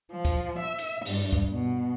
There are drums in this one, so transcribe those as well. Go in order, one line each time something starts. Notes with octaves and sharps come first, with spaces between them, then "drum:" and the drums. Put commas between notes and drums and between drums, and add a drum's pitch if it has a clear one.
F3
drum: kick, hi-hat
E5
drum: hi-hat
G2, drum: open hi-hat
drum: kick, hi-hat
B2